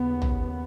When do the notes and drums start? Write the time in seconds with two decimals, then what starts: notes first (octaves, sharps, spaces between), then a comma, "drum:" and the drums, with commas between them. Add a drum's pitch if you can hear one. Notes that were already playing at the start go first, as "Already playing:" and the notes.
Already playing: D#2 C#3 B3
0.22 drum: tom